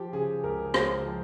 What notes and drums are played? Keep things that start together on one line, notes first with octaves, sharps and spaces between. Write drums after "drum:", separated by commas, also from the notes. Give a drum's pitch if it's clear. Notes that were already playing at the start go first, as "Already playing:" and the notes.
Already playing: F3 G4
C#3 G#4
C#2 A#4
C#2 C5, drum: rim click
F3